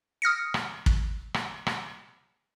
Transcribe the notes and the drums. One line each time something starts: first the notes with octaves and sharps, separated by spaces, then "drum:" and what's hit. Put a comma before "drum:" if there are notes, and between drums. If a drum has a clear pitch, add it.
D#6 F6 A#6 C#7
drum: rim click
drum: kick
drum: rim click
drum: rim click